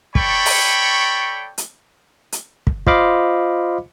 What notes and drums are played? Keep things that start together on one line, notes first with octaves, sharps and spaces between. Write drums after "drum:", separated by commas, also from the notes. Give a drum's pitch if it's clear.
A4 C#5 D5 G5 B5 C#6, drum: kick
drum: open hi-hat
drum: hi-hat
drum: hi-hat
drum: kick
F4 C5 D#5 F5 B5 D6, drum: kick